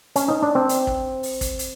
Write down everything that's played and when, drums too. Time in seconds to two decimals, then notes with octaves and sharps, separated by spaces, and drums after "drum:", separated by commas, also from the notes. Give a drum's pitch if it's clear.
0.16 C#4, drum: hi-hat
0.28 D#4
0.42 D4
0.55 C4
0.69 drum: hi-hat
0.87 drum: kick
1.23 drum: open hi-hat
1.41 drum: kick, hi-hat
1.59 drum: hi-hat